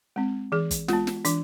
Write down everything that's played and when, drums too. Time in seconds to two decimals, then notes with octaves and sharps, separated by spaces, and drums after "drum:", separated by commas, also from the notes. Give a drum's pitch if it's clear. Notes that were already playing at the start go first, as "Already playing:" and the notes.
0.16 G#3 C4
0.52 E3 G#4
0.71 drum: kick, hi-hat
0.88 G#3 B3 F4, drum: snare
1.07 drum: snare
1.25 E3 D4, drum: hi-hat